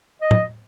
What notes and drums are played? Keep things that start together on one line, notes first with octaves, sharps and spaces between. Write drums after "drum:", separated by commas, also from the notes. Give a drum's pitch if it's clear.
D#5
drum: tom A2